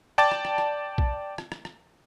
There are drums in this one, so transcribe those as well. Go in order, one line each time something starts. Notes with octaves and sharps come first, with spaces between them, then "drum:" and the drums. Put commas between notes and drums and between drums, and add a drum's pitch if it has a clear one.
D5 G5 A5 D6 A6
drum: rim click
drum: rim click
drum: rim click
drum: kick
drum: rim click
drum: rim click
drum: rim click